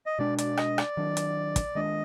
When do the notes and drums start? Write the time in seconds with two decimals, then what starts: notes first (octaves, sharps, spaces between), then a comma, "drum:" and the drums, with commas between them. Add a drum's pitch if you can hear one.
0.06 D#5
0.19 B2 G#3 D4 D5
0.38 D5, drum: hi-hat
0.57 D#5, drum: rim click
0.78 D5, drum: rim click
0.97 D#3 F#3 D4
1.17 drum: hi-hat
1.56 drum: kick, hi-hat
1.75 D#3 G#3 D4 D#5